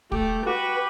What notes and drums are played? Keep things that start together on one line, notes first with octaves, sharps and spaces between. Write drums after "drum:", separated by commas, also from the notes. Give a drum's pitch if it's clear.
A3 G4, drum: kick
F#4 G4 B4